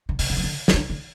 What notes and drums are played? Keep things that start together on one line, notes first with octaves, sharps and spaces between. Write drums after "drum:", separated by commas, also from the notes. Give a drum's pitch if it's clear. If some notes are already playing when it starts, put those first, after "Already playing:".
D3
C#3, drum: open hi-hat
D3
E3
D3
E3, drum: snare
D3
D3